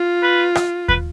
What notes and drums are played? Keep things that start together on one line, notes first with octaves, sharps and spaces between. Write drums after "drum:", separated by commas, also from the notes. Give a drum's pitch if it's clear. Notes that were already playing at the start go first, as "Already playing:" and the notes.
Already playing: F4
B4
drum: rim click
B4, drum: kick D#2